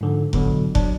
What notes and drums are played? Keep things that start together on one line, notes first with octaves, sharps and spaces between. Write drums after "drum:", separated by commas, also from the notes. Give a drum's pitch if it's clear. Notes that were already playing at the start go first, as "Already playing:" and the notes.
G#2 D3 F3
A1 B2 D3 F#3, drum: kick F1
F#3 D4, drum: kick F1